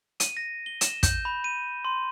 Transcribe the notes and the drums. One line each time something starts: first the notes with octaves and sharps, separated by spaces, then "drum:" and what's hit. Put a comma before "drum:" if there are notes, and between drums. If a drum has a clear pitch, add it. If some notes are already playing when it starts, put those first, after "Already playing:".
D#7, drum: hi-hat
A#6
G7
E7, drum: hi-hat
G6, drum: kick, hi-hat
B5
D#7
C6